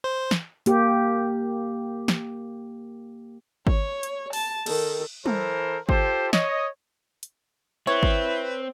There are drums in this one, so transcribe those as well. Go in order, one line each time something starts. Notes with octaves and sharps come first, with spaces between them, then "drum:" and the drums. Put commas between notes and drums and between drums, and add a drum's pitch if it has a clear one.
C5
drum: snare
A#3 G4, drum: hi-hat
drum: snare
C#5, drum: kick G#1
drum: hi-hat
A5, drum: open hi-hat
D#3 A4, drum: cymbal
E3 A4 A#4 C5, drum: tom
F4 G4 A4 C5, drum: kick G#1
C#5 D#5, drum: snare
drum: hi-hat
C4 E4 B4 C#5
drum: kick G#1